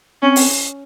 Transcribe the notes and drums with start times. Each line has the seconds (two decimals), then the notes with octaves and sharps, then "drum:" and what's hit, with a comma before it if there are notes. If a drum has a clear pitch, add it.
0.22 C4 C#4
0.36 drum: open hi-hat